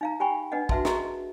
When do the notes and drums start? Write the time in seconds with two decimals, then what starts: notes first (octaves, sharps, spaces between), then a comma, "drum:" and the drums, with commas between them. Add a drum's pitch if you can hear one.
0.01 D#4 F5 A#5
0.20 G4 G5 G#5 B5 C#6
0.52 D4 B4 D#5 F#5
0.69 F#4 B4 E5 A5 C6, drum: kick
0.85 F#4 G#4 D#5 A#5 C6 C#6, drum: snare